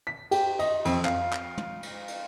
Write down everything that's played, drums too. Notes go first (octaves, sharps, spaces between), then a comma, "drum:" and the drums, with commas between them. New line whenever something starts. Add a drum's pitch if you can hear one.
B6
G4, drum: cymbal
D#5, drum: cymbal
F2, drum: cymbal
F5, drum: clap
drum: clap
drum: tom
drum: cymbal
drum: cymbal